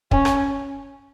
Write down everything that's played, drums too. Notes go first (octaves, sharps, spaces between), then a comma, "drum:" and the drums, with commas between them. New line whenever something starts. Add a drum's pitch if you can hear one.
C#4, drum: kick
drum: rim click